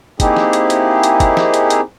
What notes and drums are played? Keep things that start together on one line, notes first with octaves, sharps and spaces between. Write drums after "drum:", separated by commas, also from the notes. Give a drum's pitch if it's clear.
A#3 C4 D#4 E4 G4 G#4, drum: kick, hi-hat
drum: snare
drum: hi-hat
drum: hi-hat
drum: hi-hat
drum: kick, hi-hat
drum: snare
drum: hi-hat
drum: hi-hat